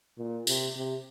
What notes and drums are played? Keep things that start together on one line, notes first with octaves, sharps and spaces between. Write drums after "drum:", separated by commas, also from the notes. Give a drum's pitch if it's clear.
A#2
C3, drum: tambourine
C3